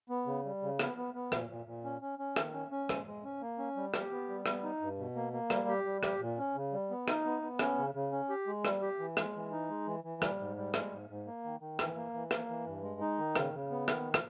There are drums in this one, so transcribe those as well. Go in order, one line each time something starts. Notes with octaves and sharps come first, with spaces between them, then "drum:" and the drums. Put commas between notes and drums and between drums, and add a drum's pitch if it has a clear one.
B3
C#3
G3
C#3
B3, drum: rim click
B3
B3
A#2, drum: rim click
A#2
A#2
C#4
C#4
C#4
D#3, drum: rim click
C#4
C#4
G#3, drum: rim click
G#3
C#4
A#3
C#4
G3
G4, drum: rim click
B3
G3
B3, drum: rim click
D#4
G2
B2
A#3
A#3
G3, drum: rim click
G4
G3
G4, drum: rim click
A#2
C#4
C#3
G3
B3
D#4, drum: rim click
B3
B3
C#4, drum: rim click
C#3
C#3
C#4
G4
G#3
G3, drum: rim click
G4
E3
G#3, drum: rim click
E3
D#4
G#3
E3
E3
G3, drum: rim click
G#2
G3
G#3, drum: rim click
G#2
G#2
A#3
D#3
D#3
E3, drum: rim click
A#3
E3
A#3, drum: rim click
E3
G2
G#3
D#4
D#3
C#3, drum: rim click
C#3
B3
D#3, drum: rim click
drum: rim click